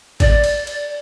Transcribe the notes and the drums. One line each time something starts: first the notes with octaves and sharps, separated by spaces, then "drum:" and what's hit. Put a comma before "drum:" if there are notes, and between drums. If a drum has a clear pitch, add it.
D5, drum: kick G#1, cymbal
drum: cymbal
drum: cymbal